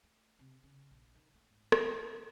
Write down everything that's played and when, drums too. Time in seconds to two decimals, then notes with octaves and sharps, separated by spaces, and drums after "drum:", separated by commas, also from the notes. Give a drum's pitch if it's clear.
0.03 A3
0.39 C3
0.63 C#3
0.91 A#1
1.15 D#3
1.34 A3
1.48 G#2
1.72 D2, drum: rim click
1.88 A3
2.03 G#2